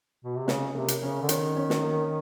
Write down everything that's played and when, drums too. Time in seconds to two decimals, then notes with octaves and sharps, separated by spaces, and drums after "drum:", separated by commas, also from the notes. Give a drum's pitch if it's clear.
0.25 B2
0.36 C3
0.48 C#3 C#4, drum: snare
0.75 C3 A#3
0.88 drum: hi-hat
1.02 C#3 C#4
1.22 D3
1.29 D#3 C#4, drum: hi-hat
1.56 C#4
1.70 drum: snare
1.83 A#3